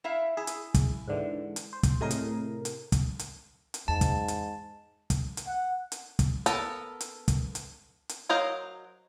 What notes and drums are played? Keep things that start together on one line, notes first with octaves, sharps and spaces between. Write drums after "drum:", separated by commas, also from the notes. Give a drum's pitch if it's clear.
E4 E5 F5
E4 G#4
drum: hi-hat
drum: kick, hi-hat
G#2 D3 E3
drum: hi-hat
C5
drum: kick, hi-hat
A2 C3 G#4 A#4 D#5
drum: hi-hat
drum: hi-hat
drum: kick, hi-hat
drum: hi-hat
drum: hi-hat
E2 G#2 A5
drum: kick, hi-hat
drum: hi-hat
drum: kick, hi-hat
drum: hi-hat
F#5
drum: hi-hat
drum: kick, hi-hat
B3 A4 A#4, drum: hi-hat
drum: hi-hat
drum: kick, hi-hat
drum: hi-hat
drum: hi-hat
F#3 A#4 C5 D#5 F5